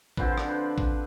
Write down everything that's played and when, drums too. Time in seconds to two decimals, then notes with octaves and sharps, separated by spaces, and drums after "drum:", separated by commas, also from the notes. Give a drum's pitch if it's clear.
0.17 D3 F3 C4 B4, drum: kick
0.28 C5
0.38 D4, drum: rim click
0.48 B4
0.78 drum: kick